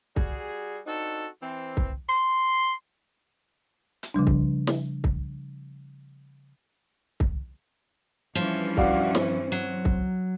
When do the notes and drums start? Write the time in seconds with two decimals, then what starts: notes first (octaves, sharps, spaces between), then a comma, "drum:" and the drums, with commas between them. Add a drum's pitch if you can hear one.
0.16 G3 F#4 G#4, drum: kick C2
0.86 C4 D4 D#4 F#4 A4
1.42 E3 C4
1.77 drum: kick C2
2.09 C6
4.03 drum: hi-hat
4.14 C#3 F3 G3 D4
4.27 drum: kick C2
4.67 drum: snare
5.04 drum: kick C2
7.20 drum: kick C2
8.35 G2 E3 F3 C#4
8.77 F#4 D5 F5, drum: kick C2
9.15 C4, drum: snare
9.52 F#3
9.85 drum: kick C2